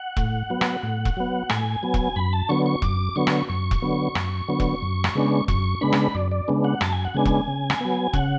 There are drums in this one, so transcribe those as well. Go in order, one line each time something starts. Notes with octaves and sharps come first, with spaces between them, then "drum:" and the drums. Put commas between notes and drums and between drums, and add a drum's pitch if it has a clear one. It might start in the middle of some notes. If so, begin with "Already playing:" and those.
Already playing: F#5
A2, drum: kick E1
F#3 B3
drum: rim click
A2
drum: kick E1
F#3 B3
A2 G#5, drum: rim click
F#3 B3
drum: kick E1
F#2 B5
A5
D3 F#3 B3 C#6
C#6
F#2 D6, drum: kick E1
D3 F#3 B3 C#6
drum: rim click
F#2 C#6
drum: kick E1
D3 F#3 B3
F#2, drum: rim click
D3 F#3 B3
drum: kick E1
F#2
drum: rim click
C#3 G#3 B3 D4
F#2 C#6, drum: kick E1
C#3 G#3 B3 D4 B5
drum: rim click
F#2 D5
D5
C#3 G#3 B3 D4
F#5
F#2 A5, drum: rim click
G#5
F#5
C#3 G#3 B3 D4 G#5
drum: kick E1
C#3
drum: rim click
F#3 B3
C#3 F#5, drum: kick E1